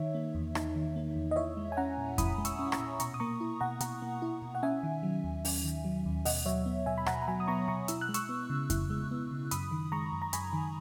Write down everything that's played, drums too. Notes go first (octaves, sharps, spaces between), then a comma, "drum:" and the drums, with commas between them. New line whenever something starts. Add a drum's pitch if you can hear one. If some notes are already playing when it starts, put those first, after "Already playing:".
Already playing: D#3 D#4 C#5 E5
A#3
E2
D#4, drum: rim click
D#3
A#3
E2
D#5
E4 C#5 E5
G#3
G#5
C#4 F#5 A#5
A#2
E4 B5 D#6, drum: kick F2, hi-hat
G#3
C#6 E6, drum: hi-hat
C#4
A#5 C#6, drum: rim click
A#2
B2 A#5 C#6, drum: hi-hat
D#6
A#3 A#5 C#6
E4
B2 F#5 A#5
B2 F#5 A#5, drum: hi-hat
A#3
E4
B2
F#5
C#4 E5 G#5
D#3
F#3
D#2
C#4, drum: open hi-hat
D#3
F#3
D#2
B2 D#5 F#5, drum: open hi-hat
F#3 C#5 E5
B3
B2 E5 G#5
B5
B2 F#5 A#5, drum: rim click
A#5
F#3 G#5 B5
D#6
B3 A#5 C#6
B2 A#5 C#6
E4 E6, drum: hi-hat
F#6
G#3
C#6 E6, drum: hi-hat
B3
C#3
E4, drum: kick F2, hi-hat
G#3
B3
C#3
F#2 B5 D#6, drum: hi-hat
D#3
G#3 A#5 C#6
F#2
A#5
F#2 G#5 B5, drum: hi-hat
D#3